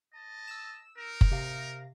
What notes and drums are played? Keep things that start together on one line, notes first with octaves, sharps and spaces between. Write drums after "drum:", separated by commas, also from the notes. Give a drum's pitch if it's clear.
D#5 A5
E6 E7
D#4 A#4
drum: kick F#1
C3 F5 A#6